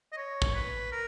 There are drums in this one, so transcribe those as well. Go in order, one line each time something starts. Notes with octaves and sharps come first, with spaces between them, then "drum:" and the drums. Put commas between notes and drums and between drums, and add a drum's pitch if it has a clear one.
D#5
C#5
drum: kick
B4
A#4